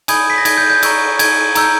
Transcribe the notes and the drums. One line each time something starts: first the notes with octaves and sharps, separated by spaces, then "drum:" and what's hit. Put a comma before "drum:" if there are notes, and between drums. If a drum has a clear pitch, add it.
G#5 B5 D#6 G6 G#6, drum: cymbal
B6
A#6
G#6, drum: cymbal
G6
G6
A#5 C#6 E6 G6, drum: cymbal
G#6, drum: cymbal
A#5 E6 G6, drum: cymbal